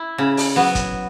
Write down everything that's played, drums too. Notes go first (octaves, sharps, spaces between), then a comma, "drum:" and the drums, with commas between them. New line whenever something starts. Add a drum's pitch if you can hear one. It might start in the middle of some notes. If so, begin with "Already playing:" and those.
Already playing: E4
C#3
drum: open hi-hat
F#3 B3
drum: kick, hi-hat